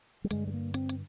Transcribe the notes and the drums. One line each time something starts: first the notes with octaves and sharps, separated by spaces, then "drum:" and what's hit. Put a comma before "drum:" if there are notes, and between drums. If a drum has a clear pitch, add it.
G3
G2 D3 G#3, drum: hi-hat
G#3
A#3
C4, drum: hi-hat
drum: hi-hat